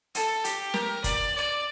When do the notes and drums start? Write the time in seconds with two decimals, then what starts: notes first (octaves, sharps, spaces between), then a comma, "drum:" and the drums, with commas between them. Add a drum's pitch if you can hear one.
0.15 A4, drum: hi-hat
0.44 G4, drum: hi-hat
0.74 A#4, drum: snare
1.04 D5, drum: kick, hi-hat
1.34 D5